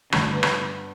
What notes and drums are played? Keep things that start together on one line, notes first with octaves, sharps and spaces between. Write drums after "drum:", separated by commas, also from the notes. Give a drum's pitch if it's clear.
G2 D3 G3 A3 D4, drum: rim click
B3
drum: rim click